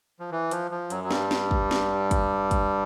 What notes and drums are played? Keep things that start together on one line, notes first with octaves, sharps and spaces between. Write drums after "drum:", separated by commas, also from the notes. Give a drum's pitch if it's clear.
F3
E3
F3, drum: hi-hat
F3
F#2 F#3, drum: hi-hat
F#3
G2 G3, drum: snare
drum: snare
drum: kick
drum: snare
drum: kick, hi-hat
drum: kick, hi-hat